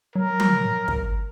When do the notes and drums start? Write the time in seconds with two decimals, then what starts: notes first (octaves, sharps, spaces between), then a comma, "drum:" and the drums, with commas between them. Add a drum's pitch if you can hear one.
0.15 F#3 A#4
0.40 drum: tom F3
0.88 drum: kick